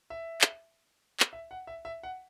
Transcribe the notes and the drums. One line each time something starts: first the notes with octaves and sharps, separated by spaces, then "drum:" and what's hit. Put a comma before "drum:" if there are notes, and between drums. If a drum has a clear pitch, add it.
E5
drum: clap
drum: clap
E5
F#5
E5
E5
F#5